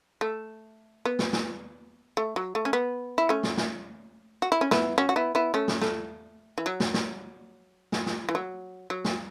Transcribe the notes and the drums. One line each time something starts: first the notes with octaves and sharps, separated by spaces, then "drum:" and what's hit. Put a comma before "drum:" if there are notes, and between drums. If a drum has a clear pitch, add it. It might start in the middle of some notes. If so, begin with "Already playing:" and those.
A3
B3
drum: snare
drum: snare
A3
F#3
A3
C#4
B3
E4
A3 C#4
drum: snare
drum: snare
F#4
E4
C#4
B3 E4, drum: snare
C#4 F#4
F#4
B3 E4
B3 E4
A3 C#4
drum: snare
A3, drum: snare
E3
F#3
drum: snare
drum: snare
drum: snare
drum: snare
E3
F#3
F#3
drum: snare